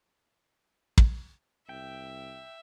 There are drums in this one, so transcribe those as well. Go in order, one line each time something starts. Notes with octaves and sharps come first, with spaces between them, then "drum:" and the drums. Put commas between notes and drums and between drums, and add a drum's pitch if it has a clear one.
drum: kick
C2 E5 G5